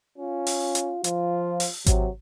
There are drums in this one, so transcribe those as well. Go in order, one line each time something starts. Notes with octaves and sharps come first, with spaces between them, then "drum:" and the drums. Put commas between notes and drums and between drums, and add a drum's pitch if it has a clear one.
C#4 F4
drum: open hi-hat
drum: hi-hat
F3 F4, drum: hi-hat
drum: open hi-hat
C3 F#3, drum: kick G#1, hi-hat